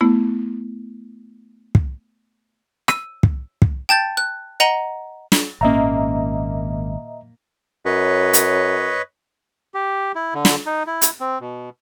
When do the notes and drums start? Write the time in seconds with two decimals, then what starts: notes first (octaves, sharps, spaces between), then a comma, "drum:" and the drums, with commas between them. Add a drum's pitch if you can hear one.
0.01 A3 B3 E4
1.75 drum: kick
2.88 E6 D#7, drum: rim click
3.23 drum: kick
3.62 drum: kick
3.89 G5 A5 G6 A6
4.17 F#6
4.60 D#5 F#5 A#5 D#7 F#7 G7
5.32 drum: snare
5.61 G#1 A#2 D#3 A#3 C#4 D#5 E5 A#5
7.85 F#2 B4 C#5 D#5
8.33 drum: hi-hat
9.74 G4
10.15 E4
10.34 D3
10.45 drum: snare
10.66 D#4
10.87 E4
11.01 drum: hi-hat
11.20 C4
11.40 B2